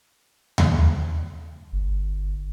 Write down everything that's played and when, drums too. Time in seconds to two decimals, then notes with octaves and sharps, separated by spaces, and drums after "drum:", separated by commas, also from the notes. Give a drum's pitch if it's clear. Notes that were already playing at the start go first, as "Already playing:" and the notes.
0.58 drum: tom D#2
1.73 G1